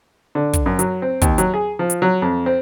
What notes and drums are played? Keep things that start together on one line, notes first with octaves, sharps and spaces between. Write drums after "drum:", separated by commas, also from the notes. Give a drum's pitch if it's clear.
D3
drum: kick, hi-hat
F#2
F#3, drum: hi-hat
C4
D#2, drum: kick, hi-hat
F#3, drum: hi-hat
G#4
F3
drum: hi-hat
F#3
F2
C4